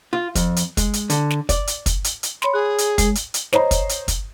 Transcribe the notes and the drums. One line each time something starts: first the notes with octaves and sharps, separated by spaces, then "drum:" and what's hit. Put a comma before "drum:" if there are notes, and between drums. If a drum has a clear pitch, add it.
F4
F2, drum: kick, hi-hat
drum: hi-hat
G#3, drum: kick, hi-hat
drum: hi-hat
D3, drum: hi-hat
drum: snare
D5, drum: kick, hi-hat
drum: hi-hat
drum: kick, hi-hat
drum: hi-hat
drum: hi-hat
C#5 B5 C6, drum: snare
G#4 F#6
drum: hi-hat
G#3, drum: kick, hi-hat
drum: hi-hat
drum: hi-hat
C5 C#5 D#5 A#5, drum: snare
drum: kick, hi-hat
drum: hi-hat
drum: kick, hi-hat